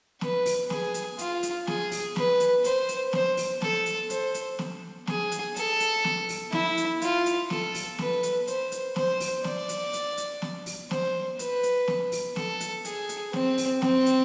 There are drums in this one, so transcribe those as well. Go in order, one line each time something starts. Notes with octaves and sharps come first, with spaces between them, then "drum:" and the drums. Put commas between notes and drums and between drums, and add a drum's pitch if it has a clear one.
B4, drum: snare
drum: open hi-hat
G#4, drum: snare
drum: hi-hat
F4, drum: hi-hat
drum: hi-hat
G#4, drum: snare
drum: open hi-hat
B4, drum: snare
drum: hi-hat
C5, drum: hi-hat
drum: hi-hat
C5, drum: snare
drum: open hi-hat
A4, drum: snare
drum: hi-hat
C5, drum: hi-hat
drum: hi-hat
drum: snare
G#4, drum: snare
drum: hi-hat
A4, drum: hi-hat
drum: hi-hat
drum: snare
drum: open hi-hat
E4, drum: snare
drum: hi-hat
F4, drum: hi-hat
drum: hi-hat
A4, drum: snare
drum: open hi-hat
B4, drum: snare
drum: hi-hat
C5, drum: hi-hat
drum: hi-hat
C5, drum: snare
drum: open hi-hat
D5, drum: snare
drum: hi-hat
drum: hi-hat
drum: hi-hat
drum: snare
drum: open hi-hat
C5, drum: snare
B4, drum: hi-hat
drum: hi-hat
drum: snare
drum: open hi-hat
A4, drum: snare
drum: hi-hat
G#4, drum: hi-hat
drum: hi-hat
C4, drum: snare
drum: open hi-hat
C4, drum: snare
drum: hi-hat